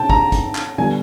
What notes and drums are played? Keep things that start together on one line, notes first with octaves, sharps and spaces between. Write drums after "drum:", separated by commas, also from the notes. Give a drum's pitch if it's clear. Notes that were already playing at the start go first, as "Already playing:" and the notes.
Already playing: C#3 C4 G5 A5
A#5, drum: kick
drum: kick, hi-hat
drum: clap
D3 G3 B3 D4 G#5